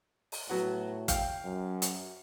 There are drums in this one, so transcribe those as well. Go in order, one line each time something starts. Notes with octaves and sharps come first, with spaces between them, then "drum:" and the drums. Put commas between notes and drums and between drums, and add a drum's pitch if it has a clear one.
drum: open hi-hat
A2 F#3 B3 F#4
F5 G5, drum: kick, hi-hat
F#2
drum: hi-hat